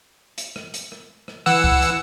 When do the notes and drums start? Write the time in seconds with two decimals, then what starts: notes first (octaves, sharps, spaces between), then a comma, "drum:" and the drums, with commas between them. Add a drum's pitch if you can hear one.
0.38 drum: hi-hat
0.56 drum: rim click
0.74 drum: hi-hat
0.92 drum: rim click
1.28 drum: rim click
1.46 E3 F#5 E6
1.64 drum: kick C2
1.82 drum: hi-hat